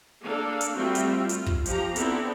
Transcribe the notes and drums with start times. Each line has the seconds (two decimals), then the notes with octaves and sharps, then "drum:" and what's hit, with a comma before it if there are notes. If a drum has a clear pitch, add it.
0.21 A#3 D4 A4 F5
0.61 drum: hi-hat
0.76 G3 A3 C4 F4 F#4 E5
0.95 drum: hi-hat
1.29 F4, drum: hi-hat
1.46 drum: kick
1.66 F3 G4 A#5, drum: hi-hat
1.96 B3 C4 D4 E4 A4, drum: hi-hat